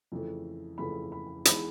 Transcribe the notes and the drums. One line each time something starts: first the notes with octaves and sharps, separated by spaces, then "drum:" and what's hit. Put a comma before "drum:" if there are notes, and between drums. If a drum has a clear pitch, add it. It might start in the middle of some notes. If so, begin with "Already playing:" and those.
F2 C#3 E3 A3
F2 C#3 E3 A3 B5
B5
E3 G#3 B3 D#4 B5, drum: hi-hat